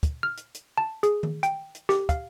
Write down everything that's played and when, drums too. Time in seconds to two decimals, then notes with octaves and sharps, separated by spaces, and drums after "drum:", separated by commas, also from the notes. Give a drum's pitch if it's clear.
0.03 drum: kick, hi-hat
0.23 F6
0.37 drum: hi-hat
0.54 drum: hi-hat
0.78 A5
1.03 G#4, drum: hi-hat
1.23 drum: tom D#3
1.43 G5, drum: hi-hat
1.75 drum: hi-hat
1.89 G4, drum: snare A#4
2.09 F5, drum: kick, hi-hat